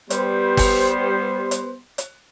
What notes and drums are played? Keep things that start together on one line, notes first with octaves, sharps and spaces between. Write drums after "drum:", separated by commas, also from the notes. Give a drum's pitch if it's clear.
G3 B3 C5, drum: hi-hat
drum: kick, open hi-hat
drum: hi-hat
drum: hi-hat